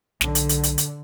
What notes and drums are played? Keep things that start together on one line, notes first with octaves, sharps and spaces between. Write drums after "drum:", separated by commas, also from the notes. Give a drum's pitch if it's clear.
B1 D3, drum: snare
drum: hi-hat
drum: hi-hat
drum: hi-hat
drum: hi-hat